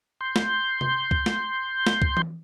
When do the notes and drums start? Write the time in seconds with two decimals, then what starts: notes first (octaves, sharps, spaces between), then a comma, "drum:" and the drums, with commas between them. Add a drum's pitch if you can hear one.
0.21 C6 G6
0.36 drum: snare
0.81 drum: tom C3
1.11 drum: kick C#2
1.26 drum: snare
1.87 drum: snare
2.02 drum: kick C#2
2.17 drum: tom E3